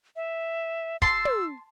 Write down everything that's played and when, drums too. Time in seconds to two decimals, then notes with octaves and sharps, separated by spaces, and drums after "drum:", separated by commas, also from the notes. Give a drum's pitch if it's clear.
0.16 E5
1.02 A5 C6 E6, drum: kick
1.25 drum: tom